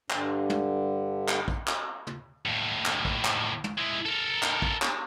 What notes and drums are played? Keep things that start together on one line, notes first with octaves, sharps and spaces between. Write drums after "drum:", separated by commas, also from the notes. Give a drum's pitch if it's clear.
G2 D3, drum: clap
drum: tom
drum: clap
drum: kick
drum: clap
drum: tom
D#2 A2
drum: clap
drum: kick
drum: clap
drum: tom
G#3 E4
A4 A#4
drum: clap
drum: kick
drum: clap